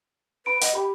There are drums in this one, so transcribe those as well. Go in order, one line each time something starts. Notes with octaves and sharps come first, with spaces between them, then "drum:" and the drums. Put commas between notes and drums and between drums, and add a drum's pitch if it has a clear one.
B4 B5 D7
D#5 F#5, drum: hi-hat
G4 B5